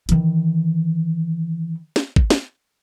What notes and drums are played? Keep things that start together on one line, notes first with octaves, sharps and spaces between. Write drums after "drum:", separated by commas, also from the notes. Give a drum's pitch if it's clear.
D#3 E3, drum: hi-hat
drum: snare
drum: kick
drum: snare